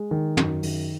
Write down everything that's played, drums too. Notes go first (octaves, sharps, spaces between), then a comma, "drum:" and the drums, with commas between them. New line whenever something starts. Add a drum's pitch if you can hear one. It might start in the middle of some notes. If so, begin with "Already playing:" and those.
Already playing: G#3
D#3
F#2, drum: tom
D#3, drum: open hi-hat